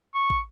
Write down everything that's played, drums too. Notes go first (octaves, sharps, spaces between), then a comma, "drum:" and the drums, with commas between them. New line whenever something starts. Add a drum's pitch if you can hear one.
C#6
drum: kick